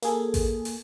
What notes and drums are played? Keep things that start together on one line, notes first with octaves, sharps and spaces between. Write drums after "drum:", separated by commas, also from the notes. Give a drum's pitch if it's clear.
A#3 G#4 A4, drum: hi-hat
drum: kick A1, open hi-hat
drum: open hi-hat